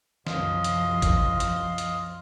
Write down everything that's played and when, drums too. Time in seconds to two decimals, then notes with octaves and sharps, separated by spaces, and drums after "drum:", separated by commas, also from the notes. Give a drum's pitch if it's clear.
0.27 C2 F#2 F3 D#5 F5 C6, drum: snare
0.64 drum: hi-hat
1.02 drum: kick A1, hi-hat
1.40 drum: hi-hat
1.78 drum: hi-hat